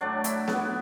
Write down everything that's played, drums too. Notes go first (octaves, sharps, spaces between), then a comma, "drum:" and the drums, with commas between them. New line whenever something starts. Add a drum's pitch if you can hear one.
A2 F#3 D4 D5
E4 E5, drum: hi-hat
B3 B4, drum: snare B3